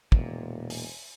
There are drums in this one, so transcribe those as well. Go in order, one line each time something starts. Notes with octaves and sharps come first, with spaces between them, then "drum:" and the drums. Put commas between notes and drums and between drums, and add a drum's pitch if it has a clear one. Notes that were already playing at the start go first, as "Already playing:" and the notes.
E1 A#2, drum: kick
drum: open hi-hat